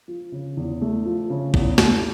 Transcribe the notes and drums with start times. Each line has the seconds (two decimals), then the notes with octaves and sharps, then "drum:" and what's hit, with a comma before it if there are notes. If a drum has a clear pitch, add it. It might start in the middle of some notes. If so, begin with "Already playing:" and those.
0.08 F3
0.32 C#3
0.57 E2
0.81 A3
1.05 F3
1.30 C#3
1.54 E2, drum: kick
1.78 A3, drum: snare